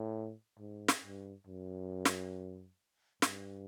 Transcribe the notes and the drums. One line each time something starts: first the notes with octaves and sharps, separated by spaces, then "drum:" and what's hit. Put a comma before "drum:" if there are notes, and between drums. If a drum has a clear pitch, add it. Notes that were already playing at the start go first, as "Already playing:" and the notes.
Already playing: A2
G#2
drum: snare
G2
F#2
drum: snare
G2, drum: snare